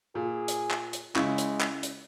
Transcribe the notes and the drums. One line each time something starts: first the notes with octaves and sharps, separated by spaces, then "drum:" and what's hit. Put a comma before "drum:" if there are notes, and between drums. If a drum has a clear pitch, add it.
A#2 G#4
drum: hi-hat
drum: clap
drum: hi-hat
C#3 G#3 E4 C#6, drum: clap
drum: hi-hat
drum: clap
drum: hi-hat